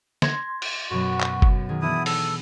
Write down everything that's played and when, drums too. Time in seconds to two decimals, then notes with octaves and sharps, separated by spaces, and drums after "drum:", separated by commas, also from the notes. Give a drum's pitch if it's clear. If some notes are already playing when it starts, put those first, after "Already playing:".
0.22 C6 G#6 A#6, drum: snare
0.62 drum: cymbal
0.91 F#2 B2 F#3 F#4
1.21 drum: clap
1.42 drum: kick
1.69 D#3 G#4
1.82 E3 B3 D4 E4 D#6
2.06 A4, drum: open hi-hat